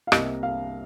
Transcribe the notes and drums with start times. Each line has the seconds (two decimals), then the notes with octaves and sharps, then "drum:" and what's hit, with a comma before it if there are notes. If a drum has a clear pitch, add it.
0.07 F5
0.12 C2 C3 G3 A#3 D#5, drum: rim click
0.43 F5